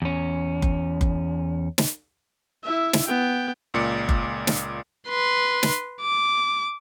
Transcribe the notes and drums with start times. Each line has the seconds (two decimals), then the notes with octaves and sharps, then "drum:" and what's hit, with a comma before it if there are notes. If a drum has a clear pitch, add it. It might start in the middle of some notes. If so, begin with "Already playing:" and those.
0.02 E2 C#4
0.62 drum: kick F#1
1.01 drum: kick F#1
1.78 drum: snare
2.63 E4 E5
2.93 drum: snare
3.07 B3 G5
3.74 C#2 A#2 D5 C#7
4.09 drum: kick F#1
4.47 drum: snare
5.09 B4 C6
5.63 drum: snare
6.01 D6